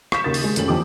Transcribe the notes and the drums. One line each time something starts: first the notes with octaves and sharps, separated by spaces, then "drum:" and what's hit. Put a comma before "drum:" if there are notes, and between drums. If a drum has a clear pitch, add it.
F5 C#6 D#6 G6 B6 E7, drum: rim click
D#2 C#3 A#4 D#6 A6
drum: open hi-hat
G#3
F1 F3 C#4 F#7, drum: hi-hat
F#1 E2 F3 G4 D6 D#6